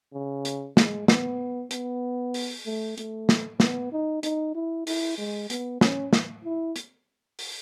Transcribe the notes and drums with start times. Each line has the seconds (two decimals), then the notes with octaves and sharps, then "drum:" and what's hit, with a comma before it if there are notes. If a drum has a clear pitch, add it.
0.14 C#3
0.45 drum: hi-hat
0.77 G#3, drum: snare
1.08 B3, drum: snare
1.71 B3, drum: hi-hat
2.34 drum: open hi-hat
2.66 A3
2.98 A3, drum: hi-hat
3.29 drum: snare
3.60 B3, drum: snare
3.92 D#4
4.23 D#4, drum: hi-hat
4.55 E4
4.87 E4, drum: open hi-hat
5.18 G#3
5.50 B3, drum: hi-hat
5.81 C#4, drum: snare
6.13 drum: snare
6.45 E4
6.76 drum: hi-hat
7.39 drum: open hi-hat